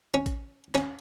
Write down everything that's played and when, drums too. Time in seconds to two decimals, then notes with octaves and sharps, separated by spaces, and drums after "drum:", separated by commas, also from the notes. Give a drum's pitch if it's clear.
0.14 C#4
0.26 drum: kick, hi-hat
0.75 C#4, drum: clap